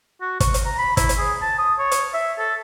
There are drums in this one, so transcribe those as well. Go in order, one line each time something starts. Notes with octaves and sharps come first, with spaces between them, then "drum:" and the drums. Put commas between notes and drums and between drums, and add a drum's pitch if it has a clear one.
F#4
C#6, drum: kick, hi-hat
drum: hi-hat
A#5
B5
E4, drum: kick, hi-hat
drum: hi-hat
G#4
A5
D#6
C#5
drum: hi-hat
E5
A4